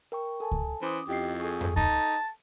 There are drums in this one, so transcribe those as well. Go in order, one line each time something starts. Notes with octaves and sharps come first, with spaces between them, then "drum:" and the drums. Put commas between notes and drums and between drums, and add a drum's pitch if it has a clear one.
A#4 G5 C#6
A4 G#5 A5
drum: kick C#2
E3 C#4 C5 D6 D#6
F2 E4 G4 D#5 C7
G#4 A4 C#6
drum: tom F2
D#4 A5, drum: kick C#2